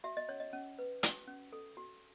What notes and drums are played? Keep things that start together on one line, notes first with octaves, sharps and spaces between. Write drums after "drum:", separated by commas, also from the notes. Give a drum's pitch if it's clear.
F#4 E5
D#5
C#4 C#5
D#5
C#4
B4
F#4, drum: hi-hat
C#4
A4
F#4